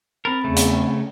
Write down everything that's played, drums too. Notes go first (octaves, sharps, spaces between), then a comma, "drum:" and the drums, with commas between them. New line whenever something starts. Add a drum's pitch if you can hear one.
C4 A#4 B5 A6
E2 C#3 A3
drum: hi-hat